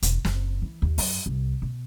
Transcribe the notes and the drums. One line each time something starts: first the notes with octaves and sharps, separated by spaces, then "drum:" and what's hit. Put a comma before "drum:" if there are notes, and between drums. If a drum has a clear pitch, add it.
E1, drum: hi-hat
F#1, drum: snare
E3
D#2
F#2, drum: open hi-hat
C2
B2